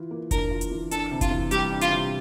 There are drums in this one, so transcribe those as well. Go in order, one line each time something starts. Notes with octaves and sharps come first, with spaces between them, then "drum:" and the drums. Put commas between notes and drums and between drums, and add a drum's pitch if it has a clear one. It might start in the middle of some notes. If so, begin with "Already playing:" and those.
Already playing: E3 F4
A#3
D4 A#4, drum: kick F1, hi-hat
F4
drum: hi-hat
E3
D4 A4, drum: hi-hat
C3
F4, drum: kick F1, hi-hat
E3
G3 G4, drum: hi-hat
D4
F4, drum: hi-hat
C3